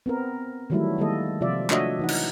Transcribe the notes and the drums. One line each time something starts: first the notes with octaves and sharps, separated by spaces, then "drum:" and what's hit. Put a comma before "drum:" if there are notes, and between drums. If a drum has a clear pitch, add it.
B3 C4 A#4
D#3 E3 F#3 G3 A3 E4
D#3 G3 G#3 A#3 A4 D#5
C3 F3 F4 D5 E5
A3 D4 F#4 C#5 D#5 E5, drum: clap
E3 D#4 F#5
drum: cymbal